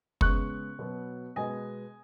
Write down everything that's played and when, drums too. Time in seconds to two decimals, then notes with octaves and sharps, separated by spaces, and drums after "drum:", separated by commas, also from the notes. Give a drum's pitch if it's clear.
0.21 C#3 G#3 B3 C#6 F#6, drum: kick
0.79 B2 F#3 B3
1.36 B2 G#3 B3 D#5 G#5